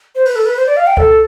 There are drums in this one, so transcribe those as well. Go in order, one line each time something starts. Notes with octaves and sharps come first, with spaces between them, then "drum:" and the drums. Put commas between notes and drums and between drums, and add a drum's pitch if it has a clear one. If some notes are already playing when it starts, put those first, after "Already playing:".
C5
B4, drum: open hi-hat
A4
B4
C5
D5
F5
G5
A4, drum: kick C#2